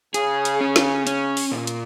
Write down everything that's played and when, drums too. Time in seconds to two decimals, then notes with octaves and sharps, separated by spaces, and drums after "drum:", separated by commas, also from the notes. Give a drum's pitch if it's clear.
0.14 C#3 G#4, drum: hi-hat
0.45 drum: hi-hat
0.61 C#4
0.76 drum: snare
1.07 C#4, drum: hi-hat
1.37 drum: open hi-hat
1.52 A#2
1.67 drum: hi-hat